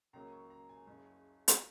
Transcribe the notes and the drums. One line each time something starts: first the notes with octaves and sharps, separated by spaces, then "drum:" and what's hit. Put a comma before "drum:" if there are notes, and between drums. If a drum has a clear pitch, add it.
C#2 C#3 F#3 A#3 A#5
C#6
A#5
G#5
F#1 F#2 C#3
drum: hi-hat